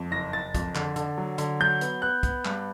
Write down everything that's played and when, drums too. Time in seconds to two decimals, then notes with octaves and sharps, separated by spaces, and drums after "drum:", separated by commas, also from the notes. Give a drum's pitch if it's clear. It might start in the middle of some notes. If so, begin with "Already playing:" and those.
Already playing: F2
0.11 F#1 A#6
0.32 F#1 A6
0.55 F2, drum: kick, hi-hat
0.75 D3, drum: clap
0.96 D3, drum: hi-hat
1.18 F#3
1.38 D3, drum: hi-hat
1.60 F#3 G6
1.81 B3, drum: hi-hat
2.02 B3 F#6
2.23 B3, drum: kick, hi-hat
2.45 G2, drum: clap